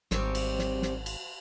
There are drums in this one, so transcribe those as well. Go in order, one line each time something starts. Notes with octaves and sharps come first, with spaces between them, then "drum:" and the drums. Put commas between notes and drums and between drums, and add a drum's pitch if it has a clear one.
G#1 G3 C4 C#5, drum: snare
drum: cymbal
drum: snare
drum: snare
drum: cymbal